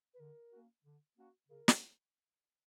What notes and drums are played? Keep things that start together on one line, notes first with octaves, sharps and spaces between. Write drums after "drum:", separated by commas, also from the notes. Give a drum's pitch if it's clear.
B4
D3 A#4
A#3 C#4 F#4
D3
A#3 C#4 F#4
C#3 A#4
drum: snare